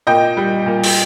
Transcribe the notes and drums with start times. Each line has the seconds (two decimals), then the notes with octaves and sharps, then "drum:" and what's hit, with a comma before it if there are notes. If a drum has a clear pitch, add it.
0.07 A#2 D#5 G5
0.37 G3
0.66 A#2
0.83 drum: open hi-hat